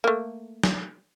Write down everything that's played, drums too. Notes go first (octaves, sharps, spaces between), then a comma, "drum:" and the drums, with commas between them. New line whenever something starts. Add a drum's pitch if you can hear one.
A3 A#3
drum: snare